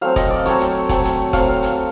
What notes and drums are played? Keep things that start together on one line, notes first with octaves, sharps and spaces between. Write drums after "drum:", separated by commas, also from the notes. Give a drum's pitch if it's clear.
F#3 A3 C4 F5
D#5, drum: kick E1, hi-hat
D5
F#3 A3 C4 C#5, drum: hi-hat
drum: hi-hat
F#3 A3 C4, drum: kick E1, hi-hat
drum: hi-hat
F#3 A3 C4 F5, drum: kick E1, hi-hat
drum: hi-hat